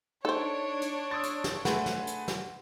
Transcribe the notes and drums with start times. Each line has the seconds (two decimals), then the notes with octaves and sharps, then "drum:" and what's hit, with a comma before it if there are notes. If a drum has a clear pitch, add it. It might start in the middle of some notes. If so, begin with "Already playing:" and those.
0.25 D4 D#4 A4 C5 C#5
0.82 drum: hi-hat
1.11 C6 D#6 E6 A6
1.23 drum: hi-hat
1.44 drum: snare
1.65 A3 G#4 B4 F#5 C6, drum: snare
1.86 drum: snare
2.07 drum: hi-hat
2.28 drum: snare